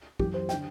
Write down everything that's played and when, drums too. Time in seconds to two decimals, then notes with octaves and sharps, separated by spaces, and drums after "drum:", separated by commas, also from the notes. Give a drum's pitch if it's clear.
0.19 F#2 E3 G4, drum: kick
0.34 C5
0.49 G5, drum: snare
0.53 D3